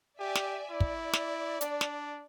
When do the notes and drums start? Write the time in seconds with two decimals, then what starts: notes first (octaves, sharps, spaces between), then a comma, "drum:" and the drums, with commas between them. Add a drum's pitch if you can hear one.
0.20 G4 D5 E5 G#5
0.36 drum: snare
0.71 E4 D5
0.80 drum: kick
1.14 drum: snare
1.61 D4, drum: hi-hat
1.81 drum: snare